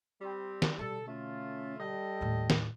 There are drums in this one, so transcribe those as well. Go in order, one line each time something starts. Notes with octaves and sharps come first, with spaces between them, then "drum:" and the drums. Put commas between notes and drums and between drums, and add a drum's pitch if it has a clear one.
G3 C4
drum: snare
B2 D3 G3 A4
A3 C#4 F4
G3 A4 D#5 G5
D#2 A2
drum: snare